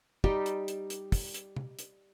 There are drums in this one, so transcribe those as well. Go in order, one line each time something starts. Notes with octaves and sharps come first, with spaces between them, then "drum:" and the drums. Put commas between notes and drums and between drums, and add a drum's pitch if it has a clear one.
G3 D#4 G4, drum: kick
drum: hi-hat
drum: hi-hat
drum: hi-hat
drum: kick, open hi-hat
drum: hi-hat
drum: tom
drum: hi-hat